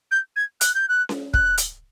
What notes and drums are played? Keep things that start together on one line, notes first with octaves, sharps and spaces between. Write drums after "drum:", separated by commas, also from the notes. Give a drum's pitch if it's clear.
G6
G#6
F#6, drum: hi-hat
G6
F#6
drum: snare C#4
F#6, drum: kick
drum: hi-hat